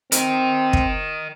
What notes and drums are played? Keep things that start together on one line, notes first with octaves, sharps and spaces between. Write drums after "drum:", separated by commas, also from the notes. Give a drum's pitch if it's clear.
C4 A#4 D#5, drum: hi-hat
drum: kick